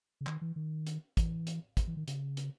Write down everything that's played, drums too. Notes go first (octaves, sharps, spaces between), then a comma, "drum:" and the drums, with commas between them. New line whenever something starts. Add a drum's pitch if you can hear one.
C#3
D#3, drum: clap
E3
D#3
drum: hi-hat
E3, drum: kick, hi-hat
drum: hi-hat
drum: kick, hi-hat
E3
D#3
C#3, drum: hi-hat
drum: hi-hat